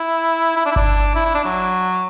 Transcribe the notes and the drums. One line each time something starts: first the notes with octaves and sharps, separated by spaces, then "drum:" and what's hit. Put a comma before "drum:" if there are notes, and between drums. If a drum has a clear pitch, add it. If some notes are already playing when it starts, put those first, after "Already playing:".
Already playing: E4
E4
D4
E4
D4, drum: kick G1
E4
E4
D4
F#3